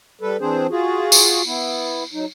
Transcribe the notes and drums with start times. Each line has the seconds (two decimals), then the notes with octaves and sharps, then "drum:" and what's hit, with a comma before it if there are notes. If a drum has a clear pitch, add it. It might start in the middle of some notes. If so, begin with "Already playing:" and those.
0.21 G3 A4 B4
0.40 E3 C4 D4 G#4 C5
0.70 F4 F#4 G#4
1.12 drum: tambourine
1.46 B3 E4
2.13 F#3 D#4